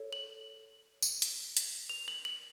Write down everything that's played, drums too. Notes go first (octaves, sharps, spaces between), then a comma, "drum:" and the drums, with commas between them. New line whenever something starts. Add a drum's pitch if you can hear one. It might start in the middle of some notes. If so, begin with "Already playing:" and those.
Already playing: A4 C#5
F#7
drum: tambourine
drum: hi-hat
drum: hi-hat
F7
F#7
F#7